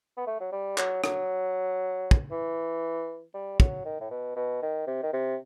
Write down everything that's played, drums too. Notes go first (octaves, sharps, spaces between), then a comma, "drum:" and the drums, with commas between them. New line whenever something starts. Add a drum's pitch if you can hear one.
B3
A3
F#3
G3
F#3, drum: clap
F#3, drum: rim click
drum: kick
E3
G3
F#3, drum: kick
D#3
A2
B2
B2
D#3
C3
D#3
C3